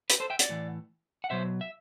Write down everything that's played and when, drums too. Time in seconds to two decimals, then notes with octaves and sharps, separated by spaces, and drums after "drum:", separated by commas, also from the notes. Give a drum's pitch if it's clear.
0.10 G4 B4, drum: hi-hat
0.20 A4 C5
0.30 E5 G5
0.39 D5 F#5, drum: hi-hat
0.49 A2 E3
1.24 F#5
1.30 B2 F#3 C5 E5
1.61 E5